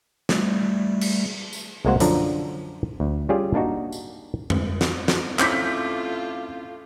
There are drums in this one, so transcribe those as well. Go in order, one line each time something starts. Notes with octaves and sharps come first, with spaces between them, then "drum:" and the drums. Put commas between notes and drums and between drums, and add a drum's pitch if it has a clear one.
G3 A3, drum: snare
drum: cymbal
drum: tambourine
C2 G#3 A#3 F#4 C5 F#5
F#2 D3 F3 F#3 D4 A#5, drum: hi-hat
D2
G3 C#4 F4 G4 G#4 D5
A#3 D4 D#4 F#4
drum: tambourine
drum: tom F2
drum: snare
drum: snare
A3 C4 C#4 E4 F4 D6 G6 B6, drum: clap